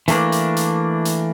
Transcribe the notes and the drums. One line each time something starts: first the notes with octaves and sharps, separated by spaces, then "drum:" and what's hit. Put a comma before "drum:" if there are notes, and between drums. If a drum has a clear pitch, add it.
E3 A3 A#3 D4, drum: hi-hat
drum: hi-hat
drum: hi-hat
drum: hi-hat